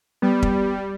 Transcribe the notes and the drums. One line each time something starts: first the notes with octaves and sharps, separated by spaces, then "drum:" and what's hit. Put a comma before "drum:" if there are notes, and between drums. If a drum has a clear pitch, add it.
G3 B3
drum: kick